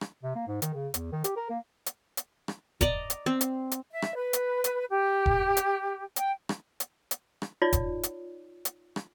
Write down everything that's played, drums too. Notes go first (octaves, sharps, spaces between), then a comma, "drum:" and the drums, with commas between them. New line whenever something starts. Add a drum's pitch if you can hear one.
drum: rim click
C3
A#3
G#2
D#3, drum: hi-hat
C#3
E2, drum: hi-hat
D#3
G4, drum: hi-hat
A#4
A#3
drum: hi-hat
drum: hi-hat
drum: rim click
D5 D#5 A#5, drum: kick E1, hi-hat
drum: hi-hat
C4
drum: hi-hat
drum: hi-hat
E5
drum: rim click
B4
drum: hi-hat
drum: hi-hat
G4
drum: kick E1
drum: hi-hat
G5, drum: hi-hat
drum: rim click
drum: hi-hat
drum: hi-hat
drum: rim click
D#4 F4 C#5 D5
drum: kick E1, hi-hat
drum: hi-hat
drum: hi-hat
drum: rim click